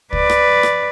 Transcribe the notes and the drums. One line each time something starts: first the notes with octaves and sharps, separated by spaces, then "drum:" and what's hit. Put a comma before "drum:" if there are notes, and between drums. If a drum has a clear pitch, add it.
B4 D5, drum: kick C#2
drum: rim click
drum: rim click